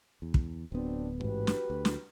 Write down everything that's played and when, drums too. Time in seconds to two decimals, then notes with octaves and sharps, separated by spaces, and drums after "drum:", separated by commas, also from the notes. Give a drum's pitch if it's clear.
0.22 E2
0.34 drum: kick
0.72 D1 F#3 B3 C4 D4
1.20 A1 G#2 F#4 G4 B4
1.47 drum: snare
1.70 D2
1.85 drum: snare